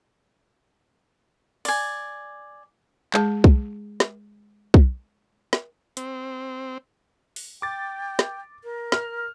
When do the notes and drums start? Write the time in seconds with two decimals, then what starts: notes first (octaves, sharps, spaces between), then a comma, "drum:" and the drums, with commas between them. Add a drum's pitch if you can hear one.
1.65 D5 G#5, drum: open hi-hat
3.14 G#3 G#4 A5, drum: clap
3.44 drum: kick
4.00 drum: snare
4.74 drum: kick
5.53 drum: snare
5.97 C4, drum: hi-hat
7.36 drum: open hi-hat
7.62 G5 D6 A6
8.19 drum: snare
8.64 A#4
8.92 F6, drum: snare